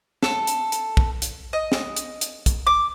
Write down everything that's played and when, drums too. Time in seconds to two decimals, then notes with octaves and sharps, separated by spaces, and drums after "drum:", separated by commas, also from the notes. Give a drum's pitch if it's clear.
0.23 A4, drum: snare
0.47 drum: hi-hat
0.72 drum: hi-hat
0.97 drum: kick
1.22 drum: hi-hat
1.53 D#5
1.72 drum: snare
1.96 drum: hi-hat
2.21 drum: hi-hat
2.46 drum: kick, hi-hat
2.67 D6